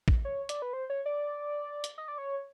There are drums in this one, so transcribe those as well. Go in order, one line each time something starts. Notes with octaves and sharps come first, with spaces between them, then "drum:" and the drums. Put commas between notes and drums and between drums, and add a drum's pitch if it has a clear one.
drum: kick
C#5
D5, drum: hi-hat
B4
C5
C#5
D5
drum: hi-hat
D#5
D5
C#5